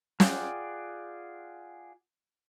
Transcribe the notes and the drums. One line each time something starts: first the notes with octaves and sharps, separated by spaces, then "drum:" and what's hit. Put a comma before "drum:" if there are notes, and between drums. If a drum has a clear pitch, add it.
F4 G#4 D5 F#5 G5, drum: snare